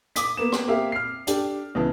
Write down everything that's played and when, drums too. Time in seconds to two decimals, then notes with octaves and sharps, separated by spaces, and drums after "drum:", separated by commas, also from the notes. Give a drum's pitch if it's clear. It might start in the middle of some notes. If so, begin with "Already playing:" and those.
0.16 D6 D#6 B6, drum: hi-hat
0.37 A#3 B3 E7
0.52 drum: rim click
0.68 A#3 C4 G4 E5 F5
0.92 F6 C7
1.27 D4 G4 A4, drum: hi-hat
1.75 C#2 C#3 E3 B3 A5